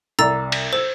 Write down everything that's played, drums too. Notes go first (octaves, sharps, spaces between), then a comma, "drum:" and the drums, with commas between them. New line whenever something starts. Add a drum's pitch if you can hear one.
C2 D5 A#5 E6 A6
drum: cymbal
C5 E6